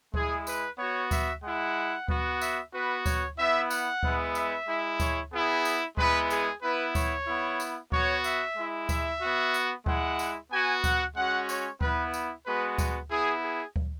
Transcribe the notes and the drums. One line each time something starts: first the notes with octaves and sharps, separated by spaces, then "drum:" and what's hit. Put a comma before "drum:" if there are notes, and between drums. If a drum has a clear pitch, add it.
G#3 E4 G#4, drum: kick D2
B4, drum: tambourine
B3 F#4 C#5
E5, drum: kick D2, tambourine
G#3 E4 F#5
B3 F#4, drum: kick D2
E5, drum: tambourine
B3 F#4 B4
C#5, drum: kick D2, tambourine
B3 E4 E5
F#5, drum: tambourine
G#3 B3 E4, drum: kick D2
E5, drum: tambourine
G#3 E4
C#5, drum: kick D2, tambourine
B3 E4 G#4
drum: tambourine
G#3 B3 E4 B4, drum: kick D2
G#4, drum: tambourine
B3 E4 B4
C#5, drum: kick D2, tambourine
B3 E4
drum: tambourine
B3 F#4 C#5, drum: kick D2
E5, drum: tambourine
G#3 E4
E5, drum: kick D2, tambourine
B3 F#4
drum: tambourine
G#3 E4 F#5, drum: kick D2
drum: tambourine
B3 F#4 G#5
F#5, drum: kick D2, tambourine
G#3 C#4 F#4 F#5
C#5, drum: tambourine
B3 E4 B4, drum: kick D2
drum: tambourine
G#3 B3 F#4 B4
drum: kick D2, tambourine
B3 E4 G#4
G#4
drum: kick D2